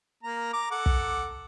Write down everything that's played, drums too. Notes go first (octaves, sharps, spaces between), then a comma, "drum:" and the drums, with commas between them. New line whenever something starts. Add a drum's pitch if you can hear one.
A#3 A#5
A#5 D6
A4 F#5 D6
drum: kick